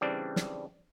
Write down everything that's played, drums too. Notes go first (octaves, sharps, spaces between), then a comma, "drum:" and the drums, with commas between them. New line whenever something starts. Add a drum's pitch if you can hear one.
C#3 E3 G3 C4 D4
drum: snare